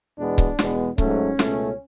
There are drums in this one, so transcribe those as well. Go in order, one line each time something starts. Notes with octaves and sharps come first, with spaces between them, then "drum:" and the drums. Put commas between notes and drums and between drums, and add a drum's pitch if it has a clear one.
E2 B2 G#3 B3 D4
drum: kick C#1
E2 B2 G#3 B3, drum: snare
G#2 F#3 A3 C#4, drum: kick C#1
C#2 B2 A3, drum: snare